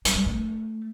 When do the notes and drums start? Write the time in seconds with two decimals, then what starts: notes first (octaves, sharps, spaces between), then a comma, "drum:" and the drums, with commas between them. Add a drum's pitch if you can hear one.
0.05 F#3, drum: hi-hat
0.15 G3
0.26 A3